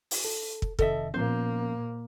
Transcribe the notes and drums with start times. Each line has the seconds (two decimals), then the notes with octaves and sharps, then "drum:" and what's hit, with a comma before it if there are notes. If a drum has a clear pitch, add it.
0.11 drum: open hi-hat
0.25 A4
0.62 drum: kick
0.79 F2 C3 D#3 A4 D#5 E5, drum: kick
1.14 A#2 F3 A#3 B3 C#4 C5